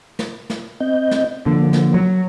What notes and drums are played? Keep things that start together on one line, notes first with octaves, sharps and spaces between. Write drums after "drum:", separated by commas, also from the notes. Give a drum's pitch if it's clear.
drum: snare
drum: snare
C4 D#5 G6
drum: snare
D3 F3 A#3
drum: snare
F#3